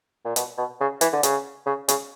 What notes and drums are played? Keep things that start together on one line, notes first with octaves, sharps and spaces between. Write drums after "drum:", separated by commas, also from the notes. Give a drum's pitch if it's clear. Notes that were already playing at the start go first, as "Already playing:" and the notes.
A#2
B2, drum: hi-hat
B2
C#3
E3, drum: hi-hat
D3
C#3, drum: hi-hat
C#3
C#3, drum: hi-hat